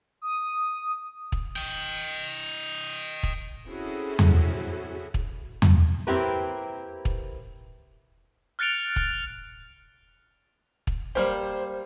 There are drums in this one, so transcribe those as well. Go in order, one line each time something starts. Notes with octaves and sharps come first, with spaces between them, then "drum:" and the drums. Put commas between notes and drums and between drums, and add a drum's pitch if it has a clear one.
D#6
drum: kick
D#5 G5
drum: kick
C4 C#4 E4 F#4 G#4 A4
drum: tom E2
drum: kick
drum: tom E2
A#3 C4 E4 G4 A#4 B4
drum: kick
F6 F#6 A6 C#7 D7 F7
drum: kick
drum: kick
G3 A#3 G4 C5